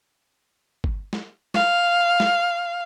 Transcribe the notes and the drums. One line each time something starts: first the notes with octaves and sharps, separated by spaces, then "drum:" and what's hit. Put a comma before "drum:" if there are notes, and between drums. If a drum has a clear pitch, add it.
drum: kick G1
drum: snare
F5, drum: snare
drum: snare